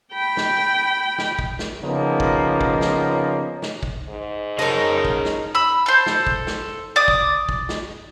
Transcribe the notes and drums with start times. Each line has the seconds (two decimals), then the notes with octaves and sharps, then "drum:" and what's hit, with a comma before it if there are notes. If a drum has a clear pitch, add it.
0.13 G5 B5
0.37 drum: snare
1.18 drum: snare
1.39 drum: kick
1.59 drum: snare
1.83 C#3 F3 A#3 B3 C#4 D#4
2.20 drum: kick
2.61 drum: kick
2.81 drum: snare
3.62 drum: snare
3.83 drum: kick
4.09 G#2
4.59 D#4 G#4 A#4 C#5 A5
5.05 drum: kick
5.25 drum: snare
5.55 B5 E6
5.86 A4 C5
6.06 drum: snare
6.27 drum: kick
6.47 drum: snare
6.96 D5 D6 D#6
7.08 drum: kick
7.49 drum: kick
7.69 drum: snare